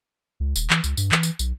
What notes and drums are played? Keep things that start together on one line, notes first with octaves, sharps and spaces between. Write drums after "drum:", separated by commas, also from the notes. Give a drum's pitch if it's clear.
C#2
D#1, drum: tambourine
E3, drum: clap
C#2, drum: tambourine
G2, drum: tambourine
E3, drum: clap
drum: tambourine
B1, drum: tambourine